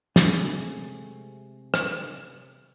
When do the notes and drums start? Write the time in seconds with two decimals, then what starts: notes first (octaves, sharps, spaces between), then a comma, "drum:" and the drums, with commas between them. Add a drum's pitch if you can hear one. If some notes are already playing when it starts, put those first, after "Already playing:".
0.16 C3 G#3 A3, drum: snare
1.74 drum: rim click